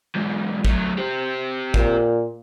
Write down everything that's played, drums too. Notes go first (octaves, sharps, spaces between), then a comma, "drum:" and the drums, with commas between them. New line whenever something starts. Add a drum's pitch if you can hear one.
E2 G#2
F#3 A3, drum: kick
G4 C5
A#2, drum: kick